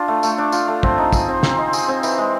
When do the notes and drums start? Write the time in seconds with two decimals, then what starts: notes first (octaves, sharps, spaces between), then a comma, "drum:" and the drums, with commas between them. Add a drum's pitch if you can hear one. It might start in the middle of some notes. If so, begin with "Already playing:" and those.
Already playing: D4 F4
0.08 A3
0.23 A3, drum: tambourine
0.38 D4
0.52 F4, drum: tambourine
0.68 A3
0.83 C4, drum: kick
0.98 D#4
1.13 G#4, drum: kick, tambourine
1.28 C4
1.43 C4, drum: snare
1.59 D#4
1.73 G#4, drum: tambourine
1.88 C4
2.03 E3, drum: tambourine
2.18 G#3